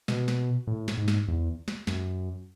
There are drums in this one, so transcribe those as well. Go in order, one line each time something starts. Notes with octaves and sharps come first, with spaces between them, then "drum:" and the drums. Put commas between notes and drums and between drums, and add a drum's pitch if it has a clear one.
B2, drum: snare
drum: snare
A2
drum: snare
G#2
drum: snare
E2
drum: snare
F#2, drum: snare